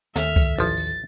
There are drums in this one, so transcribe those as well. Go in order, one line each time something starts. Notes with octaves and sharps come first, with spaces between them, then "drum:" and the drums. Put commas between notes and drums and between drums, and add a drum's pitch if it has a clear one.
D#2 D#3 A4 E5 F6, drum: snare
drum: kick C2, tambourine
A1 F3 A6, drum: tambourine
drum: tambourine